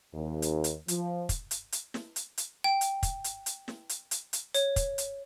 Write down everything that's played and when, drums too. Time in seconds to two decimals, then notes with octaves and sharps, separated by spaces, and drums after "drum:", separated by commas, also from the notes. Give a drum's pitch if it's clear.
0.14 D#2
0.42 drum: hi-hat
0.64 drum: hi-hat
0.88 F3, drum: hi-hat
1.29 drum: kick, hi-hat
1.51 drum: hi-hat
1.72 drum: hi-hat
1.94 drum: snare
2.16 drum: hi-hat
2.38 drum: hi-hat
2.64 G5
2.81 drum: hi-hat
3.03 drum: kick, hi-hat
3.24 drum: hi-hat
3.46 drum: hi-hat
3.68 drum: snare
3.89 drum: hi-hat
4.11 drum: hi-hat
4.33 drum: hi-hat
4.55 C#5, drum: hi-hat
4.76 drum: kick, hi-hat
4.98 drum: hi-hat